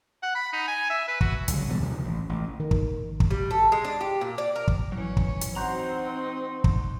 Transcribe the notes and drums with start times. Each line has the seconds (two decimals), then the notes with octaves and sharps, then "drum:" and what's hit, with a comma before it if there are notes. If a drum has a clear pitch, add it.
0.23 F#5
0.35 B5
0.53 D#4
0.68 G#5
0.90 E5
1.08 B4
1.21 F#4, drum: kick
1.48 C#2 D3 F#3, drum: hi-hat
1.68 B2 E3 F3 G3
1.80 D#2 C3 D#3 F3
2.04 A1
2.29 A1
2.60 D#3
2.71 drum: kick
3.20 drum: kick
3.31 G3
3.51 A4
3.72 G#3
3.85 D4
4.01 G4
4.21 A#2
4.38 D5
4.56 A#4
4.68 drum: kick
4.92 E3 F#3 C#4 C#5
5.17 drum: kick
5.41 drum: hi-hat
5.56 C4 D#4 F#4 C5 A#5
6.64 drum: kick